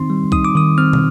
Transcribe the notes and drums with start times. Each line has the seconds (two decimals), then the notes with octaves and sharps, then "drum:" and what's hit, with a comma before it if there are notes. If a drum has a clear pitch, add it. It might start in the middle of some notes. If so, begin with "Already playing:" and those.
Already playing: D#3 C4 D#4 C6
0.10 G3
0.32 D#4 D#6, drum: kick C2
0.45 D6
0.55 D#3 D#6
0.78 C4 F6
0.93 drum: tom